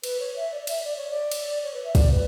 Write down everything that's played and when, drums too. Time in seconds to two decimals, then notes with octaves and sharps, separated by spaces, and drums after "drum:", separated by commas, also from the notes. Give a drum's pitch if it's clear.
0.04 B4, drum: cymbal
0.20 C#5
0.36 E5
0.52 D5
0.62 D5
0.67 E5, drum: cymbal
0.84 D5
0.97 C#5
1.10 D5
1.32 drum: cymbal
1.64 C#5
1.74 B4
1.84 E5
1.95 D5, drum: kick, cymbal
2.11 B4